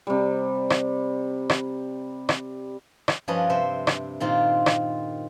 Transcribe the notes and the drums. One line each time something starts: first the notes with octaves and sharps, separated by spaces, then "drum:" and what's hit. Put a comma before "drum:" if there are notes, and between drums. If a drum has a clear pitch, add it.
C3 G3
drum: rim click
drum: rim click
drum: rim click
drum: rim click
G2 F3 C#4 D4 B4 D#5
C3 C5 E5
drum: rim click
A#2 D#3 C4 F4
drum: rim click